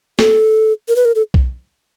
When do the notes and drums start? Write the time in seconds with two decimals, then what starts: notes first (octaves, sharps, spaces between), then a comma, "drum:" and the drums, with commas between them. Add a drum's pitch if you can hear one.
0.19 A4, drum: snare
0.88 A#4
0.96 B4
1.05 A#4
1.15 A4
1.34 drum: kick B1